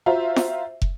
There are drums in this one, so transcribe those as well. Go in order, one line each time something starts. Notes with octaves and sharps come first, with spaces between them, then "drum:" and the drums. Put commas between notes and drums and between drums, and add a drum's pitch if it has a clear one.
F4 F#4 C5 E5 A#5
drum: snare
drum: kick